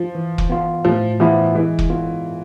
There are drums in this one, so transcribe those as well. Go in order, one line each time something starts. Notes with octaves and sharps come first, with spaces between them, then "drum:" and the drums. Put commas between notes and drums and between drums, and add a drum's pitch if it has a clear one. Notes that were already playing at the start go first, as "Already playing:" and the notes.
Already playing: F3
E3
drum: kick
B3 F4
A2 F3
E3 F3 B3 E4
E3 G#3
drum: kick
B3 F4